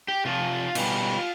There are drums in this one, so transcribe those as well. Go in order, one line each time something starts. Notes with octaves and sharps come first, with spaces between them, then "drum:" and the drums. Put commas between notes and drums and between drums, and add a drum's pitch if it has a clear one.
G4
C3 F3 F4
B2 G3, drum: cymbal